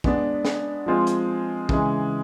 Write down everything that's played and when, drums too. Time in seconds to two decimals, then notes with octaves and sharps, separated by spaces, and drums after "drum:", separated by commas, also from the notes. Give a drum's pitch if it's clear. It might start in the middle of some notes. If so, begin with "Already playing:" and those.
0.04 G#3 B3 D4, drum: kick
0.45 drum: snare
0.86 F3 G#3 C4 F4
1.07 drum: hi-hat
1.69 C#3 E3 G#3, drum: kick